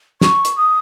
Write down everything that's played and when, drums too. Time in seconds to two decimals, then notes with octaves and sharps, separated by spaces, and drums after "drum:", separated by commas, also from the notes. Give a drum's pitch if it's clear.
0.21 C#6, drum: snare
0.45 drum: hi-hat
0.57 D#6